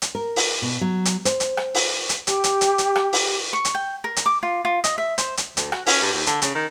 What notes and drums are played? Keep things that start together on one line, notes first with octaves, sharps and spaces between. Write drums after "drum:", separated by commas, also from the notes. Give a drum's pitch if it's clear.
drum: hi-hat
A#4
drum: open hi-hat
B2
F#3
drum: hi-hat
C5, drum: hi-hat
drum: hi-hat
drum: rim click
drum: open hi-hat
drum: hi-hat
G4, drum: hi-hat
drum: hi-hat
drum: hi-hat
drum: hi-hat
drum: rim click
drum: open hi-hat
C#6
drum: hi-hat
G5
A#4
drum: hi-hat
D6
F4
F4
D#5, drum: hi-hat
E5
C5, drum: hi-hat
drum: hi-hat
D2, drum: hi-hat
F#4, drum: rim click
C#4, drum: open hi-hat
G2
D#2
D3, drum: hi-hat
C#3, drum: hi-hat
D#3